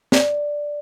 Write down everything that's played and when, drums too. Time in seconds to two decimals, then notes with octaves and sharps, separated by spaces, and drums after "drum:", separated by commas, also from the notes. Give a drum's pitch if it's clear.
0.12 D5, drum: snare